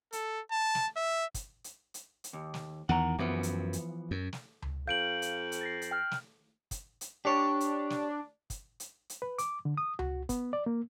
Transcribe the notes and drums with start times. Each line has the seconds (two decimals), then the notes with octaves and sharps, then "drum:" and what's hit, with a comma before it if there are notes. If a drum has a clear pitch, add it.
0.13 A4, drum: hi-hat
0.51 A5
0.75 drum: snare
0.96 E5
1.34 drum: kick, hi-hat
1.64 drum: hi-hat
1.94 drum: hi-hat
2.24 drum: hi-hat
2.33 D#2
2.54 drum: snare
2.89 E2 D#3 F#5 A#5
3.19 F#2 E3 F3 B3
3.43 drum: hi-hat
3.73 drum: hi-hat
4.11 F#2
4.33 drum: snare
4.62 drum: tom C#2
4.88 F2 F5 G6 D7 F#7
5.22 drum: hi-hat
5.52 drum: hi-hat
5.61 A6 A#6 C7
5.82 drum: hi-hat
5.91 G5 F6
6.11 drum: snare
6.71 drum: kick, hi-hat
7.01 drum: hi-hat
7.25 D4 G4 C#5
7.60 drum: hi-hat
7.90 drum: snare
8.50 drum: kick, hi-hat
8.80 drum: hi-hat
9.10 drum: hi-hat
9.22 B4
9.38 D6, drum: hi-hat
9.65 D3
9.77 D#6
9.99 F#4, drum: tom C#2
10.29 B3, drum: kick, hi-hat
10.53 D5
10.66 A#3